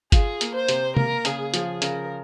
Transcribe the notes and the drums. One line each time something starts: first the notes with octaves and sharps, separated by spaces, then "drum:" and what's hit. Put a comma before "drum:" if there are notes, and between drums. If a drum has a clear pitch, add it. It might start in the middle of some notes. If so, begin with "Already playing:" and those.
F4 G#4, drum: kick G1, hi-hat
A#3, drum: hi-hat
C5
C3, drum: hi-hat
A#3 A#4, drum: tom C3
C#3 G#4, drum: hi-hat
F3 G#4, drum: hi-hat
C#3 A#4, drum: hi-hat